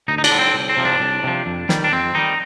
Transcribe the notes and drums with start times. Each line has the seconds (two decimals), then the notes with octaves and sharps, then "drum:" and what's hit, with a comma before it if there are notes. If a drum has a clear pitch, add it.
0.08 D2 D#4
0.18 D#4
0.24 D4, drum: cymbal
0.31 D3 G3
0.39 C4
0.54 C2
0.69 C4
0.77 C3 F3
0.85 D4
1.00 C2
1.23 C3 F3
1.46 F2
1.69 D#3 G3, drum: snare
1.84 D4
1.92 F2 C4
2.15 D#3 G3 D#4